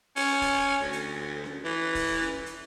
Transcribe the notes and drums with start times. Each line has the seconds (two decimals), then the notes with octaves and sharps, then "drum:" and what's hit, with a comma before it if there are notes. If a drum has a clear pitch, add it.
0.16 C#4, drum: open hi-hat
0.42 drum: kick, open hi-hat
0.82 D2
0.93 drum: hi-hat
1.44 drum: snare C#4
1.65 E3
1.95 drum: kick, open hi-hat
2.21 drum: snare C#4
2.46 drum: hi-hat